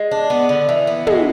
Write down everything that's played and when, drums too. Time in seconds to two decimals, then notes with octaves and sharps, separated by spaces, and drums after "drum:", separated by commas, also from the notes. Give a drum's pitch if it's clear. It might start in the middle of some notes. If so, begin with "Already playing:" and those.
Already playing: G#3
0.11 D4
0.30 B3
0.49 D3
0.69 E3
0.87 B3
1.07 G#3, drum: tom